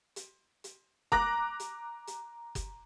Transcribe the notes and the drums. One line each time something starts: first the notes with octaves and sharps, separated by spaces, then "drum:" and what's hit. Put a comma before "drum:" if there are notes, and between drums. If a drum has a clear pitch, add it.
drum: hi-hat
drum: hi-hat
A#5 D6 F#6 A#6, drum: kick F#1
drum: hi-hat
drum: hi-hat
drum: kick F#1, hi-hat